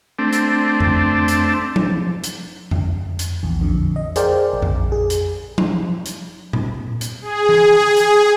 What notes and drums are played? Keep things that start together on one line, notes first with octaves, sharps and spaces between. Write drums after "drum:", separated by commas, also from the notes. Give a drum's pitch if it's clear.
A3 C4 D4
drum: hi-hat
drum: tom F2
drum: hi-hat
drum: tom F3
drum: hi-hat
drum: tom F2
drum: hi-hat
A#1 E2
F2 D3
D#5
G#4 A#4 C5 D5 F5 G5, drum: hi-hat
A#1
drum: tom F2
G#4
drum: hi-hat
drum: tom F3
drum: hi-hat
drum: tom A#2
drum: hi-hat
G#4
drum: tom E3
drum: hi-hat